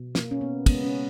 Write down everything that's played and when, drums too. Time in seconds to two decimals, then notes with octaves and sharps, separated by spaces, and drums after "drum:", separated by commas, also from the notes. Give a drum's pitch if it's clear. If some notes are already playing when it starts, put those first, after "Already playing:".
Already playing: B2
0.15 A#3, drum: snare
0.31 C#4
0.41 B3
0.66 C#3 G#3 B3, drum: kick, cymbal
0.84 C#4